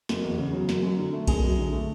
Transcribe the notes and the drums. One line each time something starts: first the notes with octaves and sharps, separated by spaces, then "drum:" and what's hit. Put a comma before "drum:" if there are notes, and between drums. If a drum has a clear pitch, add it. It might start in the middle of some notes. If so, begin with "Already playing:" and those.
F#1, drum: snare
E2
C#3
F#3
F#1, drum: snare
F#2
D3
A3
F#1 G#4, drum: kick A#1, cymbal
F#2
D3
A3